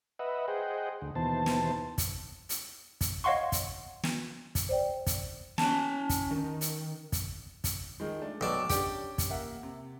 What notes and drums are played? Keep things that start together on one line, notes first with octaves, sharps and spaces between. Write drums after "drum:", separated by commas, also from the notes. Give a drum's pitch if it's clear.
B4 D#5 E5 F#5
G#4 C5 D#5 F#5 G5
D2
D#2 B2 E3 C5 A5
drum: snare
drum: kick, hi-hat
drum: hi-hat
drum: kick, hi-hat
C#5 D#5 F5 F#5 C6 C#6
drum: kick, hi-hat
drum: snare
drum: kick, hi-hat
C5 D5 G5
drum: kick, hi-hat
C#4 A5, drum: snare
drum: kick, hi-hat
D#3
drum: hi-hat
drum: kick, hi-hat
drum: kick, hi-hat
D#3 F3 G#3
A3 D4
B1 D4 G5
C#4 D4 G4, drum: kick, hi-hat
drum: kick, hi-hat
A#3 E5 F#5
C3